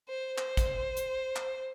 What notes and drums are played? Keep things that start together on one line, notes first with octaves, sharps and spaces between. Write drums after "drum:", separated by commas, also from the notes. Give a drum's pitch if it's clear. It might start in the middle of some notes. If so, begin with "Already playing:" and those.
C5
C5, drum: clap
drum: kick, hi-hat
drum: hi-hat
drum: clap